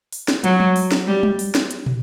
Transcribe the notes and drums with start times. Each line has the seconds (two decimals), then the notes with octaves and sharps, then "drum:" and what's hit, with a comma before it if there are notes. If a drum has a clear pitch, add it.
0.13 drum: open hi-hat
0.28 drum: snare
0.44 F#3, drum: hi-hat
0.60 drum: tom G3
0.76 drum: open hi-hat
0.92 drum: snare
1.07 G3
1.23 drum: tom G3
1.39 drum: open hi-hat
1.55 drum: snare
1.71 drum: hi-hat
1.86 drum: tom